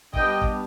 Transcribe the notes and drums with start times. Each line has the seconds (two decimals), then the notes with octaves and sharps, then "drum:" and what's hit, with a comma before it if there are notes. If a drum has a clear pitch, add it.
0.13 G3 B3 D4 D#5 G5, drum: kick
0.41 drum: kick